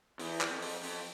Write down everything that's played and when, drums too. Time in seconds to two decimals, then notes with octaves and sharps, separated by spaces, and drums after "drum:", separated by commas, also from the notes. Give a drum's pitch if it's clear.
0.19 E2, drum: open hi-hat
0.41 drum: clap
0.51 F2
0.62 drum: open hi-hat
0.83 F2, drum: open hi-hat